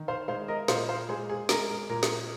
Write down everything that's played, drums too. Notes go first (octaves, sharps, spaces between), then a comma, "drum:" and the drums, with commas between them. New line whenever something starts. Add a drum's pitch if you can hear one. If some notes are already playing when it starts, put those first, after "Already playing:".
Already playing: D#3
C5 F5
G#3 C5 F5
A#4 D#5
A#2 C5 F5, drum: snare
C5 F5
G#3 G#4 C5
G#4
G#3 A#4, drum: snare
A#4
A#2 A#4
drum: snare